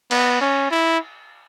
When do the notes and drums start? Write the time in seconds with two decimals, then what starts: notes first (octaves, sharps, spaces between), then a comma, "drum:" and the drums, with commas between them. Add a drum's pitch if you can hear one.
0.11 B3, drum: cymbal
0.41 C#4
0.71 E4